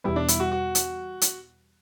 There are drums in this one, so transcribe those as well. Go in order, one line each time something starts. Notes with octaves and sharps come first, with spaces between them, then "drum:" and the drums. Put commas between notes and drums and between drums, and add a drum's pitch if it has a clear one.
E2 B2 G3 B3 E4
D4
E4, drum: hi-hat
F#4
F#4
drum: hi-hat
drum: hi-hat